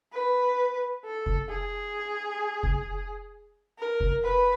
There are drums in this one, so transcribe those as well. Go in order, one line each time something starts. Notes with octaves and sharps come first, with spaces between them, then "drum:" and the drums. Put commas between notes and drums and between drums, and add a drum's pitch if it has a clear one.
B4
A4
drum: kick F1
G#4
drum: kick F1
A#4
drum: kick F1
B4